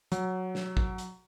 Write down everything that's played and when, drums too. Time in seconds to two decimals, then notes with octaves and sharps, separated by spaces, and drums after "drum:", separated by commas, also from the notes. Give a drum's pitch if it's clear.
0.12 F#3, drum: hi-hat
0.55 drum: snare
0.77 drum: kick
0.98 drum: hi-hat